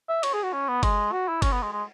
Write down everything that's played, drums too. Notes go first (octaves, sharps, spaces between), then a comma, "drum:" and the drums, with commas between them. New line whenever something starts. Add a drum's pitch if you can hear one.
E5
C#5, drum: cymbal
G#4
F#4
C#4
B3
G#3, drum: kick G1, cymbal
F#4
E4
C#4, drum: kick G1, cymbal
B3
G#3
G#3